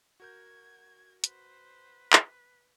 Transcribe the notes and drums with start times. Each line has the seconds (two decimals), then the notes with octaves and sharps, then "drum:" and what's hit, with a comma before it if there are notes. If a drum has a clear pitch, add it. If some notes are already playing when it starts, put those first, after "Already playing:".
0.20 F#4 A#4 G6 G#6
1.24 B4 C5, drum: hi-hat
2.13 drum: clap